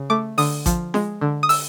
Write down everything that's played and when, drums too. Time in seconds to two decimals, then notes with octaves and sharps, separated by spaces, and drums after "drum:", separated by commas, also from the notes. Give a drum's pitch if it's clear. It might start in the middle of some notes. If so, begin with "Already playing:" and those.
Already playing: C#3
0.10 A3 D6
0.38 D3 D#6, drum: open hi-hat
0.66 F3, drum: kick A1, hi-hat
0.94 G#3, drum: snare
1.21 D3
1.43 D#6
1.49 E6, drum: open hi-hat